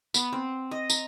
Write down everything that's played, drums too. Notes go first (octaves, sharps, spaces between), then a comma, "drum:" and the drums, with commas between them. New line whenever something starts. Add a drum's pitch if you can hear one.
B3, drum: tambourine
C4
D#5
A#5, drum: tambourine